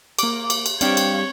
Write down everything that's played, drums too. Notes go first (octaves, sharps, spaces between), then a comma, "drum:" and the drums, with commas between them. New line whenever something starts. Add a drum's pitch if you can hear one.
A#3 D6, drum: cymbal
drum: cymbal
drum: cymbal
G3 C4 D4 C#5 F5 G5, drum: cymbal
drum: cymbal